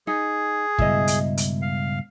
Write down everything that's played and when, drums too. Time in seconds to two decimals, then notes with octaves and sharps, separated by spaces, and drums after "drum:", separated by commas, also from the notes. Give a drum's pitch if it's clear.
0.07 D#4 G#4
0.79 C#2 G2 B2 E4 D#5, drum: kick
1.07 drum: hi-hat
1.37 drum: hi-hat
1.62 F5